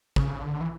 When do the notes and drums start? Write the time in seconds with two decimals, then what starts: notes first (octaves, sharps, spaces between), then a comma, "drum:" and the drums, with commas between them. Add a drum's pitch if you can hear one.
0.16 C#3, drum: kick
0.41 D3
0.61 E3